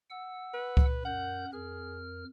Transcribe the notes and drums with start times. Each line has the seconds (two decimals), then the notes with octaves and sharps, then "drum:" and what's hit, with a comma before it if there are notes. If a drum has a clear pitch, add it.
0.10 F#5 E6
0.54 B4
0.77 drum: kick C#2
1.05 F#2 A#4 F#5 G6
1.53 F2 G#4 A#4 F6